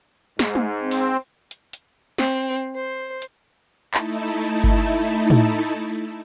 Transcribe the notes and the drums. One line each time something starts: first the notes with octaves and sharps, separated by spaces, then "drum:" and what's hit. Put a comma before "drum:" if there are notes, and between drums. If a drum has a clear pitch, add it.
G#2, drum: snare
drum: tom G#3
C4
drum: open hi-hat
drum: hi-hat
drum: hi-hat
C4, drum: snare
C5
drum: hi-hat
A3 D#4 E4 A4, drum: clap
drum: kick G1
drum: tom A2